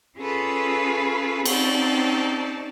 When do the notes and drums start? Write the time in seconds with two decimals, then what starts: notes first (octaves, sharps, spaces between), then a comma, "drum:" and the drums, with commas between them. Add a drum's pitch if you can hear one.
0.17 C#4 F4 G#4 A4 B4
1.45 C4 C#4 D#4 D5 A5, drum: cymbal